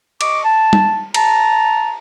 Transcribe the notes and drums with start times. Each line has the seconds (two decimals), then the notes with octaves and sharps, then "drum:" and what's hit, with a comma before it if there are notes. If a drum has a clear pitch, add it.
0.21 D#5 C#6 D6, drum: cymbal
0.44 A5
0.73 drum: tom G3
1.14 A5 A#5, drum: cymbal